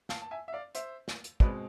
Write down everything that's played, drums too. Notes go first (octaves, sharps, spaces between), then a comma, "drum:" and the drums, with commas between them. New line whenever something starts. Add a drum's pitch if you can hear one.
F5 A5, drum: snare
A5
E5 G#5
E5
D5 F5
C5 E5, drum: hi-hat
drum: snare
drum: hi-hat
B2 G#3 C4 B4 D5, drum: kick